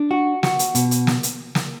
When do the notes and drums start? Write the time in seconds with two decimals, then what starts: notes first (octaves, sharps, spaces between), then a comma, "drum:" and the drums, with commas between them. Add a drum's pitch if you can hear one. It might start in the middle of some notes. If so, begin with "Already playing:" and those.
Already playing: D4
0.11 F#4
0.43 F#4, drum: snare
0.59 drum: hi-hat
0.75 B2, drum: hi-hat
0.91 drum: hi-hat
1.07 drum: snare
1.23 drum: hi-hat
1.55 drum: snare